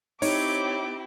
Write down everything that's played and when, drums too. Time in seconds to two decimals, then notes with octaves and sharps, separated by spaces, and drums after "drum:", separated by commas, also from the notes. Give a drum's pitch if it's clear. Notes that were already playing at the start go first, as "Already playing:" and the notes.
0.22 C4 D#4 E4 G4 C#5 D6, drum: open hi-hat